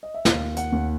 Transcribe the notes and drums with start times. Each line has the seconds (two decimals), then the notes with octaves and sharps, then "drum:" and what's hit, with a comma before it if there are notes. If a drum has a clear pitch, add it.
0.03 D#5
0.14 E5
0.25 D#2 F5, drum: snare
0.57 F#5, drum: hi-hat
0.72 D#2